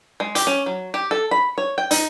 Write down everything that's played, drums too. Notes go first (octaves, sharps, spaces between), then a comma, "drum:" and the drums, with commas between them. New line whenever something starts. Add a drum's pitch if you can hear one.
G#3
G4, drum: hi-hat
C#4
F#3
G4
A4
B5
C#5
G5
D#4, drum: hi-hat